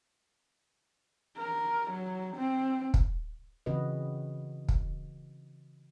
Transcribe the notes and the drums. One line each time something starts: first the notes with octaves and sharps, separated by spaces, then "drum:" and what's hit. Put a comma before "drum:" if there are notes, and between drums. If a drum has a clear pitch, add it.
A#4
F#3
C4
drum: kick
C#3 E3 C4 F#4 B4 D#5
drum: kick